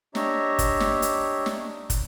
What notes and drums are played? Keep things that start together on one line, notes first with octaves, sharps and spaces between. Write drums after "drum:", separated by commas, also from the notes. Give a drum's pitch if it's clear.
D4 G4 C#5 D#5 E5 A#5, drum: snare
drum: kick, hi-hat
drum: snare
drum: hi-hat
drum: snare
drum: kick, hi-hat